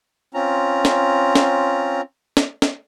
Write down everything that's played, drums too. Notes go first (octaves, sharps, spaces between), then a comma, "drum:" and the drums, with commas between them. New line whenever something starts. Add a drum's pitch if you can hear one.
C4 C#4 F4 A#5
drum: snare
drum: snare
drum: snare
drum: snare